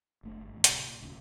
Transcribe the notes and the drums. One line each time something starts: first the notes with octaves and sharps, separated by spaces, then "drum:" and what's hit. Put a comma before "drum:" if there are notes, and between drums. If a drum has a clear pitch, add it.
F#1 A3 D4
G1
E2 A2
D1 C2 C3, drum: hi-hat
A#2
E1 D2 C#3